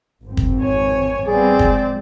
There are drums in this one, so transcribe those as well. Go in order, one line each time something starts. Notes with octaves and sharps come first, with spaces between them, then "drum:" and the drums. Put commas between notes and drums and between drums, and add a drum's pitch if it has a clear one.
G#1 F2 C4
drum: kick
C#5 G#5
A1 G3 B3 C4 G#4 D5
F3 G#3, drum: kick